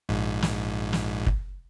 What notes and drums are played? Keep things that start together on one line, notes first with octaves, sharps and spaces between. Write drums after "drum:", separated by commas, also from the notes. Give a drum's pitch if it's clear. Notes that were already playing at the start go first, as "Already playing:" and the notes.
A#1 G#2
drum: snare
drum: snare
drum: kick